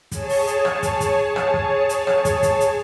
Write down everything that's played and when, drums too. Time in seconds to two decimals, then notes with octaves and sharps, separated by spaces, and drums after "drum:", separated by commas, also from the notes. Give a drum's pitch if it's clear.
0.12 G#4 C#5 A5, drum: kick, hi-hat
0.29 drum: open hi-hat
0.47 drum: hi-hat
0.65 drum: rim click
0.83 drum: kick, hi-hat
1.00 drum: kick, hi-hat
1.36 drum: rim click
1.54 drum: kick
1.89 drum: hi-hat
2.07 drum: rim click
2.25 drum: kick, hi-hat
2.43 drum: kick, hi-hat
2.60 drum: hi-hat